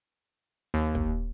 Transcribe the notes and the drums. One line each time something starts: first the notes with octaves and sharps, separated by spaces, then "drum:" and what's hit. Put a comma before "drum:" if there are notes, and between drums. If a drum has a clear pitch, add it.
D#2
drum: kick